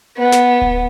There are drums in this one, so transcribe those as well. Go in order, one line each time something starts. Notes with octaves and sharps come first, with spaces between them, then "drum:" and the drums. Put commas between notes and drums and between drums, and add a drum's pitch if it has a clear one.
B3
drum: snare
drum: kick D1